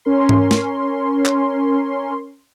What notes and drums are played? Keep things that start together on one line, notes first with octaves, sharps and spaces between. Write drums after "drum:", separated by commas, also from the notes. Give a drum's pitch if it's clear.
C#4 A#4 C6
drum: tom G#2
drum: snare
drum: clap